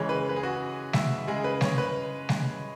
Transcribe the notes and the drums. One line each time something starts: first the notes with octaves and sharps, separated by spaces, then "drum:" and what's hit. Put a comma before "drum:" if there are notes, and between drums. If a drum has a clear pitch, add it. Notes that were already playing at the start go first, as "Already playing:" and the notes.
Already playing: C#3 E3 G#3 C#5
B4
B4
G#4
F#4
E5, drum: snare G3
C#3 G#3 G#4
B4
C#5, drum: snare G3
B4
drum: snare G3